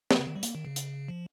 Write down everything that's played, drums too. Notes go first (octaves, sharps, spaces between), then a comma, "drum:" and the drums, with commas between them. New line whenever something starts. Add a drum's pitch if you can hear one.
F3, drum: snare
C#3
D#3
G3
A#3, drum: hi-hat
D#3
C#3
drum: hi-hat
F3